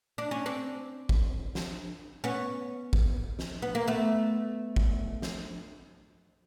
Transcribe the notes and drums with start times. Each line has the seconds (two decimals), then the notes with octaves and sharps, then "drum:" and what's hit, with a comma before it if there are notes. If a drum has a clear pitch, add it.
0.18 D4
0.31 C#4
0.46 C4 D4
1.09 drum: kick
1.55 drum: snare
2.24 B3 C#4
2.93 drum: kick
3.39 drum: snare
3.62 B3
3.75 A#3
3.88 A3 B3
4.76 drum: kick
5.22 drum: snare